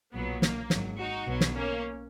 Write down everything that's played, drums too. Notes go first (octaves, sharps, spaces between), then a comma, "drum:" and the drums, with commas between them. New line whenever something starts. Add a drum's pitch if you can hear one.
B1 A#2 F#3 B3
A#3, drum: snare
G#1 G#2 F#3, drum: snare
D#4 F#4
B1 B2 F#3
drum: snare
A#3 C#4